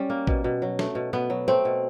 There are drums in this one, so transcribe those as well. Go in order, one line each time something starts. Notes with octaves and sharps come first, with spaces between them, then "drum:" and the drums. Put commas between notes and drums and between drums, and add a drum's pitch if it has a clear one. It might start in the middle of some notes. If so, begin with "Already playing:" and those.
Already playing: G3 C#4
A#3
B2, drum: kick
B2
F#3
A3, drum: snare
B2
B2 B3
F#3
A3 C4
B2